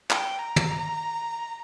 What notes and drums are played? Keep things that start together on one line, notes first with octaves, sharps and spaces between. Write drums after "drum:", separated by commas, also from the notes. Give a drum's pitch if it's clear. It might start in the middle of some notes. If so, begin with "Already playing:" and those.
G5, drum: clap
A#5
drum: tom